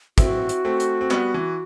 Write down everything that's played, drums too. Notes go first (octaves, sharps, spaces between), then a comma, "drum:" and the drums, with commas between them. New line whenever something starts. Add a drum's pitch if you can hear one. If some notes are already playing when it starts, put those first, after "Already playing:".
C4 E4 F#4, drum: kick, hi-hat
drum: hi-hat
A3 C4
drum: hi-hat
C4
G3 B3, drum: clap
E3